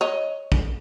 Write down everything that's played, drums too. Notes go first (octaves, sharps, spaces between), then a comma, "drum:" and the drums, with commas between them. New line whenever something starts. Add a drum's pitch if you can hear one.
C#5 D#5
drum: kick